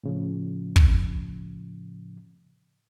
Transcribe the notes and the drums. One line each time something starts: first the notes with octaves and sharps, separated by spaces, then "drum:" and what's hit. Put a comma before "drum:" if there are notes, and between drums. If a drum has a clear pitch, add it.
A2 C#3 F3
drum: kick